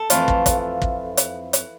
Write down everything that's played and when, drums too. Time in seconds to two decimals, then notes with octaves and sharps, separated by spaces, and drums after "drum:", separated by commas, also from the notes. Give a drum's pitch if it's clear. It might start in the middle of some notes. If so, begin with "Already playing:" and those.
Already playing: A4
0.10 F2 E3 A3 F4, drum: hi-hat
0.28 drum: kick
0.46 drum: kick, hi-hat
0.82 drum: kick
1.17 drum: hi-hat
1.53 drum: hi-hat